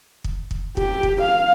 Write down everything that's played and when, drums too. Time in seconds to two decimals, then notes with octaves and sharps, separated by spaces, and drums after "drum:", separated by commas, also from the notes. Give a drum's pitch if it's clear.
0.24 drum: kick
0.51 drum: kick
0.77 G4, drum: kick
1.03 drum: kick
1.21 F5